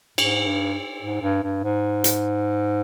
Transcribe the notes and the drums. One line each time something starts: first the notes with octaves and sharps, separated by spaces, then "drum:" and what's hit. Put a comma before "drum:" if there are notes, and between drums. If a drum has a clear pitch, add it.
G#2, drum: cymbal
G2
G#2
G2
G2
G#2
drum: hi-hat